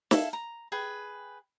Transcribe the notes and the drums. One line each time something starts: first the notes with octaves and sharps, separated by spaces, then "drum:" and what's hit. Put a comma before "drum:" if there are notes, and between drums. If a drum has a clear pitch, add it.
E4 A4 F5, drum: snare
A#5
G#4 B4 G5